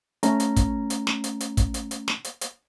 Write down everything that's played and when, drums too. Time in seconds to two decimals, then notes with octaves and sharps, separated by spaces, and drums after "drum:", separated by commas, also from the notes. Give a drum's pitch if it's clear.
0.23 A3 C#4 A#5, drum: hi-hat
0.40 drum: hi-hat
0.56 drum: kick, hi-hat
0.90 drum: hi-hat
1.07 drum: snare
1.24 drum: hi-hat
1.40 drum: hi-hat
1.57 drum: kick, hi-hat
1.74 drum: hi-hat
1.91 drum: hi-hat
2.08 drum: snare
2.24 drum: hi-hat
2.41 drum: hi-hat